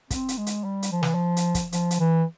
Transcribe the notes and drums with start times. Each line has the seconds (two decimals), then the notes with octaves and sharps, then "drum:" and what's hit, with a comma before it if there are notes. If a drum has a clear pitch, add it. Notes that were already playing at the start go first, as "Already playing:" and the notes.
0.11 C4, drum: kick, hi-hat
0.28 drum: hi-hat
0.37 G#3
0.46 drum: hi-hat
0.64 G3
0.83 drum: hi-hat
0.92 F3
1.03 E3, drum: snare
1.15 F3
1.37 drum: hi-hat
1.55 drum: kick, hi-hat
1.72 F3, drum: hi-hat
1.91 drum: hi-hat
2.00 E3